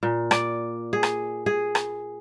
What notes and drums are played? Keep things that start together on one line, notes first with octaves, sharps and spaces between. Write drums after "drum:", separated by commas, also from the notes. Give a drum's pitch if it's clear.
A#2
D5, drum: rim click
G#4
drum: rim click
G#4
drum: rim click